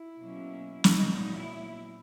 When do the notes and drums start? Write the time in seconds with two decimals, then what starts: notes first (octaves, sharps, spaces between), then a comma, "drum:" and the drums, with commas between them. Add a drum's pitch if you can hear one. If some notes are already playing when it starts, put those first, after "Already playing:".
Already playing: E4
0.19 B2 F#3 A#3 C#4
0.84 drum: snare
0.97 A#2 F#3 B3 D#4
1.35 E4